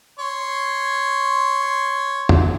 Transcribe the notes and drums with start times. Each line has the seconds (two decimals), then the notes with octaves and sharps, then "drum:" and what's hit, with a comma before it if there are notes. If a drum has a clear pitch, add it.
0.19 C#5 C6
2.29 drum: tom